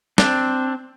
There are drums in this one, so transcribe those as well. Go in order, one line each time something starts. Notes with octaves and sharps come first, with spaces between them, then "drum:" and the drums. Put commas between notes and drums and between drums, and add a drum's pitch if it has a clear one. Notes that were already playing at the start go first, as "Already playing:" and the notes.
C4 D4, drum: snare